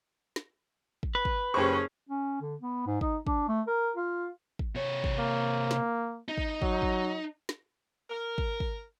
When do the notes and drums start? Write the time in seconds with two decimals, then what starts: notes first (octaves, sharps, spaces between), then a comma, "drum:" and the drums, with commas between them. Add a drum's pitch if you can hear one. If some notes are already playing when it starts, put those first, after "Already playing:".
0.36 drum: snare
1.03 drum: kick
1.15 B4
1.25 drum: kick
1.54 F#1 C#4 G4 G#4 C5 C#6
2.09 C#4
2.42 D3
2.61 B3
2.86 G#2
3.01 D#4, drum: kick
3.27 D4, drum: kick
3.48 A3
3.67 A#4
3.96 F4
4.59 drum: kick
4.75 C3 C#5
5.04 drum: kick
5.19 A#3
5.71 drum: snare
6.28 D#4
6.38 drum: kick
6.62 F#3, drum: kick
6.82 drum: kick
7.49 drum: snare
8.10 A#4
8.38 drum: kick
8.60 drum: kick